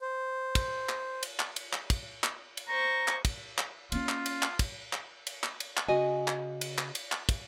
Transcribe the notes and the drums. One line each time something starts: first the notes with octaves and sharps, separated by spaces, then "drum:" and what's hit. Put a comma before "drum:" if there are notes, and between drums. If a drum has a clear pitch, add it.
C5
drum: kick, cymbal
drum: clap
drum: cymbal
drum: clap
drum: cymbal
drum: clap
drum: kick, cymbal
drum: clap
drum: cymbal
C5 A#5 C#6
drum: clap
drum: kick, cymbal
drum: clap
A#3 C#4 F4, drum: cymbal
drum: clap
drum: cymbal
drum: clap
drum: kick, cymbal
drum: clap
drum: cymbal
drum: clap
drum: cymbal
drum: clap
C#3 F#4 D#5 G#5
drum: clap
drum: cymbal
drum: clap
drum: cymbal
drum: clap
drum: kick, cymbal